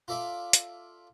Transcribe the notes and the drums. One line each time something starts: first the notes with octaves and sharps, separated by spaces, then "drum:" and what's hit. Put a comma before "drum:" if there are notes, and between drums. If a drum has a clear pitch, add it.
F4 A4 D5 E5
drum: hi-hat